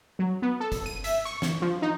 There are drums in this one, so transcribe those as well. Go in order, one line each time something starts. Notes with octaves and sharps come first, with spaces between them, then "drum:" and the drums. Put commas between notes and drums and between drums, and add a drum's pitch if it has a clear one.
F#3
B3
A4
drum: kick F#1, hi-hat
D#7
E5, drum: hi-hat
C#6
drum: snare
F3
D#4